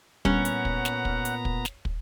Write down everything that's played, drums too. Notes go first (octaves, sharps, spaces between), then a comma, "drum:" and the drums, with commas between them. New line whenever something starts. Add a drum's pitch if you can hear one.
A#2 G3 B3 C#4 F#5 A#5, drum: kick
drum: hi-hat
drum: kick
drum: snare
drum: kick
drum: hi-hat
drum: kick
drum: snare
drum: kick